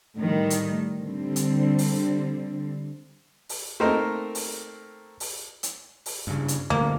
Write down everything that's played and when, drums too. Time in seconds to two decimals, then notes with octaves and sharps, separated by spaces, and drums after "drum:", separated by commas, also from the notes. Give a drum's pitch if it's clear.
0.17 A2 D#3 G3
0.50 drum: hi-hat
1.01 D3 G3 C4
1.36 drum: hi-hat
1.78 drum: open hi-hat
3.49 drum: open hi-hat
3.80 A3 A#3 C4 D#4 A#4 C6
4.35 drum: open hi-hat
5.20 drum: open hi-hat
5.63 drum: hi-hat
6.06 drum: open hi-hat
6.27 G2 C#3
6.48 drum: hi-hat
6.70 D2 G2 A#2 A#3